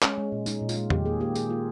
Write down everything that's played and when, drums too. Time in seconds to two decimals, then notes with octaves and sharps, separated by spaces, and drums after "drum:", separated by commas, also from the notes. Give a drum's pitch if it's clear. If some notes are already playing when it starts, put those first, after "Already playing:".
0.02 G#3 C#4, drum: clap
0.18 G#3
0.32 A#2
0.46 G#3 D#4, drum: tambourine
0.61 A#2
0.69 F4, drum: tambourine
0.76 G#3
0.90 D#3 G4, drum: tom E2
1.06 A#3 G#4
1.20 A#3 G4
1.35 A#3 G#4, drum: tambourine
1.50 A#3 F4